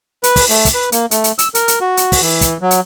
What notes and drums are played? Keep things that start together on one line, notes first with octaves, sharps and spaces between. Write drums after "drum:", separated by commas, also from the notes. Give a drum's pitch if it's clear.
B4, drum: hi-hat
drum: kick, open hi-hat
A3, drum: open hi-hat
drum: kick, hi-hat
B4
A#3, drum: hi-hat
A3, drum: hi-hat
drum: hi-hat
E6, drum: hi-hat
A#4, drum: hi-hat
drum: hi-hat
F#4
drum: hi-hat
drum: kick, open hi-hat
E3
drum: kick, hi-hat
F#3
drum: hi-hat